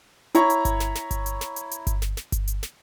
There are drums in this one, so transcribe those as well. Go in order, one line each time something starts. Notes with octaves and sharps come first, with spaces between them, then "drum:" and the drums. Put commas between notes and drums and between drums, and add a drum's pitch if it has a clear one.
E4 C#5 A#5 C#6, drum: hi-hat
drum: hi-hat
drum: kick G1, hi-hat
drum: snare
drum: snare
drum: kick G1, hi-hat
drum: hi-hat
drum: snare
drum: hi-hat
drum: hi-hat
drum: kick G1, hi-hat
drum: snare
drum: snare
drum: kick G1, hi-hat
drum: hi-hat
drum: snare